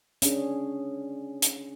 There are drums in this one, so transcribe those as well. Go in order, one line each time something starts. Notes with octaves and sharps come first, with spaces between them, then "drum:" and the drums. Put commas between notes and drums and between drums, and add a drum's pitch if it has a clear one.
C#4 D4 G#4, drum: hi-hat
drum: hi-hat